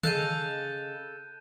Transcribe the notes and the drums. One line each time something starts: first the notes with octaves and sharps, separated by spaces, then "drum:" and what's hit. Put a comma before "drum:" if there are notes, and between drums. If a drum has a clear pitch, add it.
C#3 A4 D#5 F5 F#6 G6 D#7, drum: tom D3